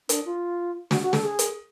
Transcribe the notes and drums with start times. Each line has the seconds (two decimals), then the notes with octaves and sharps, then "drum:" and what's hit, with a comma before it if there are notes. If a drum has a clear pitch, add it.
0.09 D4, drum: hi-hat
0.25 F4
0.91 F#4, drum: snare
1.02 F#4
1.13 A4, drum: snare
1.24 G#4
1.39 drum: hi-hat